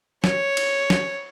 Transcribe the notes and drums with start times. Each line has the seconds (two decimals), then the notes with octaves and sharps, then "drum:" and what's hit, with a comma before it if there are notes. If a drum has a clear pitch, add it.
0.24 C#5, drum: snare
0.57 drum: cymbal
0.90 drum: snare